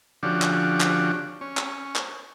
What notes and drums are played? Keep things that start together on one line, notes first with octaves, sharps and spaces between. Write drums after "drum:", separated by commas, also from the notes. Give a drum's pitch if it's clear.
D3 F3 C#4 D4 F#4 G4
drum: clap
drum: clap
C#4
drum: clap
drum: clap